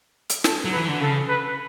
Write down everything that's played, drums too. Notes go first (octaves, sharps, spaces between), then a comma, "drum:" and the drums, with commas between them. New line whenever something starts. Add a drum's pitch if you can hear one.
drum: hi-hat
A4, drum: snare
F#3
B4
E3
D3
C#3 A4
B4